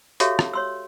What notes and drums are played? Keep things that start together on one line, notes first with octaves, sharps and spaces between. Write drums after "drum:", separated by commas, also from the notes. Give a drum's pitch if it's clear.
F#4 G4 A4 C#5 E5 F5, drum: hi-hat
drum: rim click
C#5 C6 E6